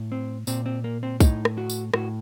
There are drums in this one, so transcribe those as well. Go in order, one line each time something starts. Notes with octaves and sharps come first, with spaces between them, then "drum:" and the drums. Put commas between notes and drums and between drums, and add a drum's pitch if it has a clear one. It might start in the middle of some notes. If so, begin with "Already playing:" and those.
Already playing: A2
C4
A#2 C4, drum: tambourine
C4
A#3
C4
A2 D#4, drum: kick, tambourine
drum: rim click
F#4
drum: tambourine
A2 F#4, drum: rim click